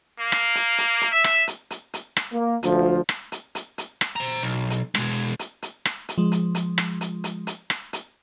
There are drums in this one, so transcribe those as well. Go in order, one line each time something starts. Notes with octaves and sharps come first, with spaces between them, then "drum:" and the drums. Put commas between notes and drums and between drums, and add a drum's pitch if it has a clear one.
A#3
drum: rim click
drum: hi-hat
drum: hi-hat
drum: hi-hat
E5
drum: rim click
drum: hi-hat
drum: hi-hat
drum: hi-hat
drum: rim click
A#3
D2 F3, drum: hi-hat
drum: rim click
drum: hi-hat
drum: hi-hat
drum: hi-hat
drum: rim click
C5 A#5
B1
drum: hi-hat
B2 G#3, drum: rim click
drum: hi-hat
drum: hi-hat
drum: rim click
drum: hi-hat
F3 G#3
drum: hi-hat
drum: hi-hat
drum: rim click
drum: hi-hat
drum: hi-hat
drum: hi-hat
drum: rim click
drum: hi-hat